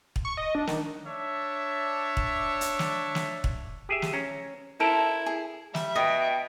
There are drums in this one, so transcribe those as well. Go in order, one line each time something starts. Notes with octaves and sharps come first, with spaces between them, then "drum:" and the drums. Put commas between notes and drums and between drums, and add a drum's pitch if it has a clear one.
drum: kick
C#6
D#5
D4
D#3, drum: snare
D4 C#5 E5
drum: kick
drum: hi-hat
drum: snare
drum: snare
drum: kick
G4 G#4 E5
drum: snare
C#4 A#5
E4 A4 A#4 C5 E5
G#4
G3 E5, drum: snare
B2 D#5 G5